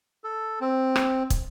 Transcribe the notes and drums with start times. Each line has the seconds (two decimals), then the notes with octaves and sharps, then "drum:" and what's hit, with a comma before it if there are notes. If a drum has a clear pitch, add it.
0.24 A4
0.61 C4
0.96 drum: rim click
1.30 drum: kick, hi-hat